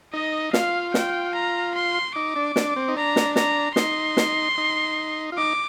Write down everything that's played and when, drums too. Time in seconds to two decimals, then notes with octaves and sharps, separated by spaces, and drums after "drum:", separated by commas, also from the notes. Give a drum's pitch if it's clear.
0.13 D#4 D#5
0.53 F4 F5, drum: snare
0.94 G5, drum: snare
1.34 A#5
1.75 C6
2.15 D#4 D6
2.36 D4
2.56 D4, drum: snare
2.76 C4
2.88 D#4
2.96 D4 A#5
3.16 drum: snare
3.36 A#5, drum: snare
3.76 D#4 C6, drum: snare
4.17 drum: snare
4.58 D#4
5.32 F4
5.38 D#4 D6